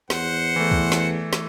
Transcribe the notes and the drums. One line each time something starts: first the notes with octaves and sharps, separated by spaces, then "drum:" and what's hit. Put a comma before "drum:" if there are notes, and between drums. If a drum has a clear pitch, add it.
E2 C5 F#5, drum: snare
E3 A3
drum: kick
drum: snare
drum: snare